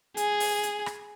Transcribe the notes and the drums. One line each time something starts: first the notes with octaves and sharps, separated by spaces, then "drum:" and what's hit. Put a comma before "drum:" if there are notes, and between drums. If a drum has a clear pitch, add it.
G#4, drum: hi-hat
drum: open hi-hat
drum: hi-hat
drum: rim click